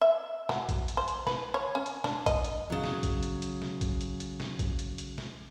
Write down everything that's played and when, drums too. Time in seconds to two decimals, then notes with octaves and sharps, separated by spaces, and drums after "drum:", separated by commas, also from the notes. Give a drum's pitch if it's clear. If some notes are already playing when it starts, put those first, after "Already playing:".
0.01 E5
0.49 F#3, drum: snare
0.69 drum: kick A#1, hi-hat
0.88 drum: hi-hat
0.97 C5
1.08 drum: hi-hat
1.27 B4, drum: snare
1.54 C#5
1.75 C#4
1.86 drum: hi-hat
2.04 D4, drum: snare
2.26 D#5, drum: kick A#1, hi-hat
2.44 drum: hi-hat
2.70 C#3 F#3
2.84 drum: snare
3.03 drum: kick A#1, hi-hat
3.23 drum: hi-hat
3.42 drum: hi-hat
3.62 drum: snare
3.81 drum: kick A#1, hi-hat
4.01 drum: hi-hat
4.20 drum: hi-hat
4.40 drum: snare
4.59 drum: kick A#1, hi-hat
4.79 drum: hi-hat
4.98 drum: hi-hat
5.18 drum: snare